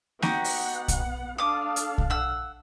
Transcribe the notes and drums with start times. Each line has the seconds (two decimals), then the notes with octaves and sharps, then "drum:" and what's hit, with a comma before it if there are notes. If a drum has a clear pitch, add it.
0.22 B3 D#4 F#4 G4 F#5, drum: snare A#3
0.44 drum: open hi-hat
0.88 drum: kick B1, hi-hat
1.38 D4 A4 F5 D6 D#6
1.76 drum: hi-hat
1.98 drum: kick B1
2.10 F#5 E6